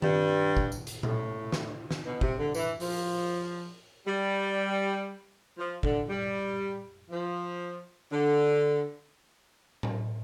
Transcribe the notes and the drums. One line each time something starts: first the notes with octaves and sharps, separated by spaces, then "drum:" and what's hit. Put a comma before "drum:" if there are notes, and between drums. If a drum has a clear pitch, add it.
G2, drum: tom D#3
drum: kick
drum: tambourine
drum: hi-hat
A2, drum: tom A#2
drum: snare
drum: snare
B2
C3, drum: kick
D3
E3, drum: tambourine
F3, drum: open hi-hat
G3
F3
D3, drum: kick
G3
F3
D3
drum: tom A2